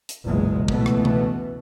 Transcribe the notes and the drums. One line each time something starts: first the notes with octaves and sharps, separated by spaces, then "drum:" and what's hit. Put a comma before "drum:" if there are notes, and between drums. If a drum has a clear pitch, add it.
drum: hi-hat
F#1 B1 E2 A#2 G#3
C#2 B2 E3 A3 B3, drum: kick
drum: rim click
drum: tom B2